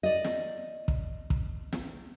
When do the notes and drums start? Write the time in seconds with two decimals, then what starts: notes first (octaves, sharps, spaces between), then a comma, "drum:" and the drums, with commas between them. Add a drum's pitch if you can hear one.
0.03 D5 D#5
0.25 drum: snare
0.88 drum: kick
1.30 drum: kick
1.73 drum: snare